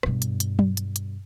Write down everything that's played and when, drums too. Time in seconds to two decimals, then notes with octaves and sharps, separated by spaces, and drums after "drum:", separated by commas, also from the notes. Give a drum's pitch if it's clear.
0.03 G2 B2, drum: rim click
0.22 drum: hi-hat
0.40 drum: hi-hat
0.59 drum: tom F#3
0.77 drum: hi-hat
0.96 drum: hi-hat